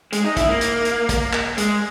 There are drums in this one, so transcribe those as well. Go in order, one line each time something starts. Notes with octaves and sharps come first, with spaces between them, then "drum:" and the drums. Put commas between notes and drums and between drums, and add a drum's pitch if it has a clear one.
G#3, drum: hi-hat
D#4
E4, drum: kick, hi-hat
A#3
drum: hi-hat
drum: hi-hat
drum: kick, hi-hat
drum: clap
G#3, drum: hi-hat